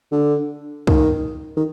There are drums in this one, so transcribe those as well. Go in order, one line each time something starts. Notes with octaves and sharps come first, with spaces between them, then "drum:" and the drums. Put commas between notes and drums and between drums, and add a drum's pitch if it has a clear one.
D3
D#3, drum: kick
D#3